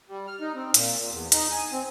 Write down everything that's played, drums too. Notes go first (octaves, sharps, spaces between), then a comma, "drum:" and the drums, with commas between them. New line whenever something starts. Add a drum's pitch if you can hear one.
G3
F6
D#4
C4
A#2, drum: hi-hat
A#2
E2
D#4, drum: hi-hat
G#5
C4